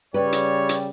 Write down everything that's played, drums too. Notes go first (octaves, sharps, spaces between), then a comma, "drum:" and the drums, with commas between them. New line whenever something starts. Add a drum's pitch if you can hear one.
C#3 G3 B4 C#5 D5
drum: hi-hat
drum: hi-hat